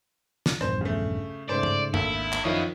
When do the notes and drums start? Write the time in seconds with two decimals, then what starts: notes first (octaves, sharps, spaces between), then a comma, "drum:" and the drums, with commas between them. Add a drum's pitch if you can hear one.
0.46 drum: snare
0.61 A#1 E2 G2 C5, drum: rim click
0.81 C#3 A3
1.49 G#2 C#3 A3 C5 D5
1.63 drum: tom
1.94 G#1 D2 A#3 E4, drum: tom F#2
2.32 drum: clap
2.44 F#2 D#3 F3 E4 C#5 D#5 F5 D#6